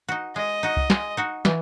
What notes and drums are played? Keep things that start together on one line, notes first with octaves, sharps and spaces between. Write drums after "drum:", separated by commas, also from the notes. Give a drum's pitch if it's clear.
D#4 F#4
G#3 D#5
D#4 F#4
drum: kick C2
G#3, drum: snare
D#4 F#4
E3, drum: snare